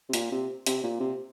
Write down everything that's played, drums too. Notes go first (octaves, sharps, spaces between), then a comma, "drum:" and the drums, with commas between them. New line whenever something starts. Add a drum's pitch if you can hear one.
C3
A#2, drum: hi-hat
C3
C3, drum: hi-hat
A#2
C3